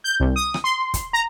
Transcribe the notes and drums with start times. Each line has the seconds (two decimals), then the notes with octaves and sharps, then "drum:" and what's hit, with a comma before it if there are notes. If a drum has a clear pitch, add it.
0.04 G6
0.20 C2
0.36 D#6
0.54 drum: rim click
0.64 C6
0.94 drum: kick, hi-hat
1.13 A#5